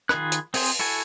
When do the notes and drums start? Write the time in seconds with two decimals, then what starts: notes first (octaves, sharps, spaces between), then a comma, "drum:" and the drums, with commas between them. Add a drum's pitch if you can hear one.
0.09 D#3 F4 G#4 B5 F#6, drum: rim click
0.32 drum: hi-hat
0.54 C4 G#4 C5, drum: open hi-hat
0.79 E4 F#4 A4 G#5